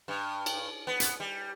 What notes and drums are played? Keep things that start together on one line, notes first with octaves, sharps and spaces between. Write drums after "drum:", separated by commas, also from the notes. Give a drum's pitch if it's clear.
G2
drum: cymbal
B3
drum: hi-hat
G3